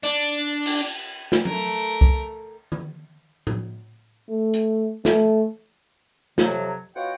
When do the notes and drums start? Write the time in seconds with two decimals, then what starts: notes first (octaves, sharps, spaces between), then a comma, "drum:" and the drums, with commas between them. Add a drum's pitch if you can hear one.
0.03 D4, drum: hi-hat
0.66 drum: cymbal
1.32 drum: snare
1.45 A3 A#4, drum: tom F#3
2.01 drum: kick
2.72 drum: tom D#3
3.47 drum: tom A2
4.28 A3
4.54 drum: hi-hat
5.05 A3, drum: snare
6.38 F2 C3 F#3, drum: snare
6.95 B2 F4 F#4 C#5 F#5 G5